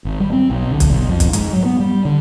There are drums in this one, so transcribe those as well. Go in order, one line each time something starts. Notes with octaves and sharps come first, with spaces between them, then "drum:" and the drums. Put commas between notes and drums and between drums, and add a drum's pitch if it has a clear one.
G#1
G3
C4
B1
D3
drum: kick, hi-hat
B1
F2
drum: kick, hi-hat
G#2, drum: hi-hat
F#3
B3
G3
D3